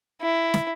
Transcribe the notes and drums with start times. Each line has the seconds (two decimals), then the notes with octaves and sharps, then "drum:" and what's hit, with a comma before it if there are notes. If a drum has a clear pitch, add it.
0.21 E4
0.54 drum: snare